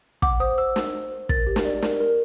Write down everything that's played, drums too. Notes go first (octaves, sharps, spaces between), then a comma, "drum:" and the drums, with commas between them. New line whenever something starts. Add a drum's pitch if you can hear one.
F#5 D6, drum: kick
C5 D#6
C5 E6
C5, drum: snare
C5
C5
A#4 A6, drum: kick
G4
drum: snare
D5
A#4, drum: snare
A#4